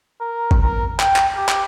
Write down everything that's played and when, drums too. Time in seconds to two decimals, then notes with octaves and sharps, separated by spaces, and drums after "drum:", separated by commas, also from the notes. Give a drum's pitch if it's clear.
0.21 A#4
0.51 drum: kick
0.61 A#4
1.00 G5, drum: clap
1.16 drum: clap
1.36 G4
1.49 drum: clap